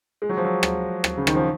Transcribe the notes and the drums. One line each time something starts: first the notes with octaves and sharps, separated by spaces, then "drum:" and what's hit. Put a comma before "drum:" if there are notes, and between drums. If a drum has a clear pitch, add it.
G#3
F#3
F3
F#3
drum: rim click
drum: rim click
C#3
D#3, drum: rim click
F3